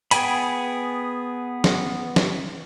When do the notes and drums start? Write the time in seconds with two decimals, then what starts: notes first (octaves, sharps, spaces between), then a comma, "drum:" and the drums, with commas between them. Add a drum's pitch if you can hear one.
0.11 B3 G#4 G5 G#5 B5, drum: hi-hat
1.64 drum: snare
2.16 drum: snare